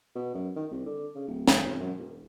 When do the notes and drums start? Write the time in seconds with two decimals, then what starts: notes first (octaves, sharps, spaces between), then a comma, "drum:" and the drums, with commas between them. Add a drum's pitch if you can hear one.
0.15 B2
0.35 F#2
0.56 D#3
0.71 C2
0.86 D3
1.15 C#3
1.27 D1
1.48 drum: snare
1.64 G#1
1.80 F#2
1.99 E1